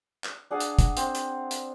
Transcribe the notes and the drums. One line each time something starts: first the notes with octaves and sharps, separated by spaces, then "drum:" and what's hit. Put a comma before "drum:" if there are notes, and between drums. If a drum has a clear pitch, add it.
drum: clap
D4 G#4 F5 F#5
drum: hi-hat
drum: kick, hi-hat
C4, drum: hi-hat
drum: hi-hat
drum: hi-hat